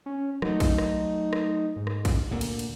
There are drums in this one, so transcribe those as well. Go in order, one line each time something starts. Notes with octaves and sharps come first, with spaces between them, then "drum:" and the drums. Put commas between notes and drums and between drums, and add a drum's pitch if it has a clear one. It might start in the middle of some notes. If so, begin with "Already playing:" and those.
C#4
F#3 A3 D#4, drum: rim click
drum: kick, cymbal
drum: rim click
drum: rim click
G#2
drum: rim click
drum: kick, cymbal
D2 A#2 D3
drum: cymbal
drum: cymbal